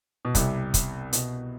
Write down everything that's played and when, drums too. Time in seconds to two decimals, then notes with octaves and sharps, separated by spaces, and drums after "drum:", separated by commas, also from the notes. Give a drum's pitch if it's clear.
0.25 B2
0.35 C2 C3, drum: kick, hi-hat
0.74 drum: kick, hi-hat
1.13 B2, drum: hi-hat